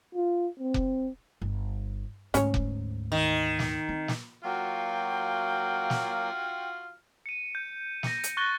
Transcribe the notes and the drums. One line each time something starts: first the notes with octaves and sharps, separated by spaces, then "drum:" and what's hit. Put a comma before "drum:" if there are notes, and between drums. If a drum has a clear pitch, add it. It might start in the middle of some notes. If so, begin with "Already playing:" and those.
F4
C4
drum: kick F1
G1
D2 G#2 C#4 C#5, drum: hi-hat
drum: kick F1
D#3
drum: snare
C4
drum: snare
F#3 A#3 F4 F#4 G5 F6
drum: snare
C#7 D#7
G6
A#6 C#7, drum: snare
drum: hi-hat
C#6 F#6 G6 A6 A#6 G7